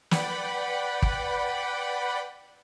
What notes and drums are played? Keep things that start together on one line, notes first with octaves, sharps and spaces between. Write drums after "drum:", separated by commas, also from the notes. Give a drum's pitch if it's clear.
B4 D5 F#5 G5 B5, drum: snare
drum: kick